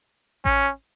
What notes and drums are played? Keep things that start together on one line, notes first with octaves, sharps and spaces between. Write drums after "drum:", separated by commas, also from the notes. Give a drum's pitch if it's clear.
C#4, drum: kick A1